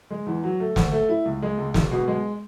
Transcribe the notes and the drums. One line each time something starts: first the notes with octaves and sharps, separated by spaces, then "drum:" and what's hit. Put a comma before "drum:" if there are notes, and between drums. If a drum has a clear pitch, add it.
G#3
E2
F#3
A3
D2, drum: snare
A3
E4
C#2
G#3
C#2
E1, drum: snare
B2
G#3